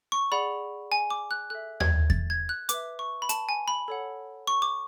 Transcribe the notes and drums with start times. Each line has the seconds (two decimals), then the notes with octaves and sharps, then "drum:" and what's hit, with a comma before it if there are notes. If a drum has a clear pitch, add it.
0.12 C#6
0.32 G#4 D5 F#5 B5
0.92 G#5
1.10 D6
1.31 F#6
1.50 A4 E5 F#6
1.80 G#6, drum: tom D#2
2.10 A6, drum: kick E2
2.30 G#6
2.49 F#6
2.69 B4 E5 D6, drum: hi-hat
2.99 C#6
3.22 B5
3.29 A5, drum: hi-hat
3.49 G#5
3.68 B5
3.88 A4 C#5 F#5
4.47 C#6
4.62 D6